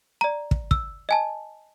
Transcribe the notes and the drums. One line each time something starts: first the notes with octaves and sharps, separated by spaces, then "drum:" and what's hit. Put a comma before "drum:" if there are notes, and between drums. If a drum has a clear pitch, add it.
D5 A#5
drum: kick
E6, drum: kick
D#5 G#5 A5